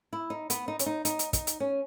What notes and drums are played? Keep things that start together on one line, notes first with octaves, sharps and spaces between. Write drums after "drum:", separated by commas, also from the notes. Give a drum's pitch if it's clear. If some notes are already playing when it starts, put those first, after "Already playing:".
E4
D#4
B3, drum: hi-hat
D#4
C#4, drum: hi-hat
D#4
D#4, drum: hi-hat
drum: hi-hat
D#4, drum: kick, hi-hat
drum: hi-hat
C#4